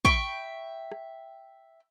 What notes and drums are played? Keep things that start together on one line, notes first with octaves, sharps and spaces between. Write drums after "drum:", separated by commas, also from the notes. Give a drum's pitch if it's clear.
E5 G5 B5 C#6, drum: kick
drum: rim click